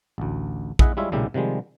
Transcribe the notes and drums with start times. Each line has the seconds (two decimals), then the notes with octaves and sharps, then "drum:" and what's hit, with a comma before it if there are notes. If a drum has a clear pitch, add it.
0.18 A1 D2
0.79 E4 G#4 D#5 E5 F#5, drum: kick A#1
0.97 G3 G#3 E4 F4 C#5 E5
1.12 B1 A#2 C#3 G#3 E4 G4
1.34 C3 D#3 F3 G3 G#3